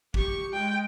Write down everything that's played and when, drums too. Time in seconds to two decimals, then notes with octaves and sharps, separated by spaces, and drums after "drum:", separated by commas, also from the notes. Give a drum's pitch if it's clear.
0.14 G4 C#6, drum: kick
0.53 G#3 G5